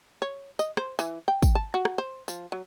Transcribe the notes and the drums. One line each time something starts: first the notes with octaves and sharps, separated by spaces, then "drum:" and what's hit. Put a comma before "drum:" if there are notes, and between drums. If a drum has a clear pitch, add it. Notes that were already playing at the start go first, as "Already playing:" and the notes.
C#5
D#5, drum: tambourine
C5, drum: rim click
E3, drum: tambourine
G5
drum: kick, tambourine
A5
F#4
drum: rim click
C5
F3, drum: tambourine
F#3